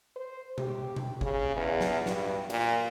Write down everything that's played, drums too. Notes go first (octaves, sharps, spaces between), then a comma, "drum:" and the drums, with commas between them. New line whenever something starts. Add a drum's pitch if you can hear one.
C5
G4, drum: tom B2
drum: tom B2
C#3, drum: kick
E2
drum: snare
G2, drum: snare
A#2, drum: cymbal